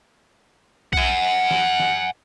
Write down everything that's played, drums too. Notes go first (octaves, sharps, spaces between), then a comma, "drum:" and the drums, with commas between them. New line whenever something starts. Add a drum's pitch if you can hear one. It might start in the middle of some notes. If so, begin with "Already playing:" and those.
F#5 G#5, drum: kick B1
drum: snare
drum: snare